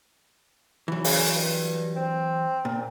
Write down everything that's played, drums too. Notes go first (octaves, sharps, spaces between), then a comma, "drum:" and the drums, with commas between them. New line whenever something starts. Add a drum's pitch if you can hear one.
E3 F#3
C#3, drum: open hi-hat
G2
C4
A#2